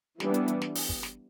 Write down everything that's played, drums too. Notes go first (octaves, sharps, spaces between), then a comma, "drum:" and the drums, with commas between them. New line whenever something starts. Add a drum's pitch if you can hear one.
E3 G3 B3 D4, drum: snare
drum: hi-hat
drum: hi-hat
drum: snare
drum: open hi-hat
drum: kick
drum: snare